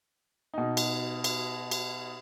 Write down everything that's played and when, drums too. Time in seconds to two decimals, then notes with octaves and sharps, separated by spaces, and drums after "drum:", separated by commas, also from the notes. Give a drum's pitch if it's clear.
0.54 B2 D#4
0.77 drum: cymbal
1.24 drum: cymbal
1.71 drum: cymbal